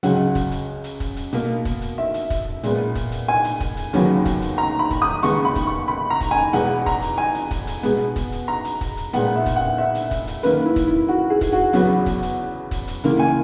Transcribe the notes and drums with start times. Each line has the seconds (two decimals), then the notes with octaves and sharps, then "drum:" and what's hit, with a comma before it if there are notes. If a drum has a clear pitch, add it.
0.03 C#2 C#3 F#3 F#5, drum: hi-hat
0.35 drum: kick, hi-hat
0.51 drum: hi-hat
0.84 drum: hi-hat
1.00 drum: kick, hi-hat
1.16 drum: hi-hat
1.33 B2 A#3, drum: hi-hat
1.65 drum: kick, hi-hat
1.82 drum: hi-hat
1.98 E5
2.14 drum: hi-hat
2.30 drum: kick, hi-hat
2.63 A#2 G#3 B3, drum: hi-hat
2.95 drum: kick, hi-hat
3.12 drum: hi-hat
3.28 G#5
3.44 drum: hi-hat
3.60 drum: kick, hi-hat
3.77 drum: hi-hat
3.93 D#2 C#3 F#3 B3, drum: hi-hat
4.26 drum: kick, hi-hat
4.42 drum: hi-hat
4.58 A#5
4.79 B5
4.91 drum: kick, hi-hat
5.02 D#6
5.23 D#2 C#3 G#3 B3 C#6, drum: hi-hat
5.45 B5
5.56 drum: kick, hi-hat
5.67 C#6
5.88 B5
6.10 A#5
6.21 drum: kick, hi-hat
6.31 G#5
6.53 E2 B2 G#3 B3 F#5, drum: hi-hat
6.86 A#5, drum: kick, hi-hat
7.02 drum: hi-hat
7.18 G#5
7.35 drum: hi-hat
7.51 drum: kick, hi-hat
7.67 drum: hi-hat
7.83 B2 G#3 B3, drum: hi-hat
8.16 drum: kick, hi-hat
8.32 drum: hi-hat
8.48 A#5
8.65 drum: hi-hat
8.81 drum: kick, hi-hat
8.97 drum: hi-hat
9.13 A#2 G#3 B3 F#5, drum: hi-hat
9.36 E5
9.46 drum: kick, hi-hat
9.56 F#5
9.78 E5
9.95 drum: hi-hat
10.11 drum: kick, hi-hat
10.27 drum: hi-hat
10.43 F#2 D#3 A#3 B4, drum: hi-hat
10.65 E4
10.76 drum: kick, hi-hat
10.87 E4
11.09 F#4
11.30 G#4
11.41 drum: kick, hi-hat
11.52 F#4
11.73 E2 C#3 F#3 B3 F#4, drum: hi-hat
12.06 drum: kick, hi-hat
12.22 drum: hi-hat
12.71 drum: kick, hi-hat
12.88 drum: hi-hat
13.04 C#2 C#3 E3 A#3 A#4, drum: hi-hat
13.19 G#5